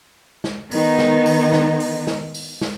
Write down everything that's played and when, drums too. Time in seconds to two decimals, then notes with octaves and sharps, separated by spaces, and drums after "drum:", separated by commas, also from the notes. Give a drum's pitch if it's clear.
0.44 drum: snare
0.71 D#3 B3 D#4, drum: open hi-hat
0.98 drum: snare
1.26 drum: open hi-hat
1.53 drum: snare
1.80 drum: open hi-hat
2.07 drum: snare
2.34 drum: open hi-hat
2.61 drum: snare